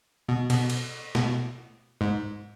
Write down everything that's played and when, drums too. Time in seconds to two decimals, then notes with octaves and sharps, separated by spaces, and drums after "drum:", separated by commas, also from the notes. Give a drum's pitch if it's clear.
0.29 B2
0.50 B2, drum: cymbal
0.70 drum: cymbal
1.15 B2, drum: snare
2.01 G#2